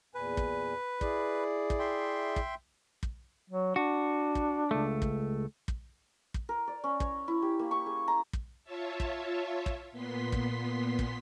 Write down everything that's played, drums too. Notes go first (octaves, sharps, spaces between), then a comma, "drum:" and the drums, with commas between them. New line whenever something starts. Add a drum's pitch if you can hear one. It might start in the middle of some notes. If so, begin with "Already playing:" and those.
E2 A#2 B4 G#5
drum: kick
E4 G#4 D5, drum: kick
drum: kick
E5 G5 C6
drum: kick
drum: kick
F#3
D4 F#4
drum: kick
C#2 A3
drum: kick
drum: kick
drum: kick
A#4
D5
C#4
C#5, drum: kick
E4
G4
A#3
C#6
G#4
A#5
drum: kick
F4 C#5 E5 A5
drum: kick
drum: kick
A#2 B3 C6 B6
drum: kick
drum: kick